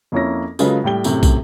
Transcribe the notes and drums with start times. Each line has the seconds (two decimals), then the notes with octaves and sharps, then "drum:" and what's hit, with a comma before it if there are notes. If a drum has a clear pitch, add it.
0.12 F2 A#3 C#4 E4 A#6
0.59 C#3 F#3 G#3 F4 A4 B4, drum: tambourine
0.84 A2 G3 G5 G7
1.04 F#2 A2 C3, drum: tambourine
1.23 drum: kick, tambourine